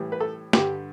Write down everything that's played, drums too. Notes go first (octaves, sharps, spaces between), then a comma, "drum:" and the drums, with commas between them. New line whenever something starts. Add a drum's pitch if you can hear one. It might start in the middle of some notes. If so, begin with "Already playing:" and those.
Already playing: A2 E3 G3
B4
A4
G2 D3 G3 G4, drum: snare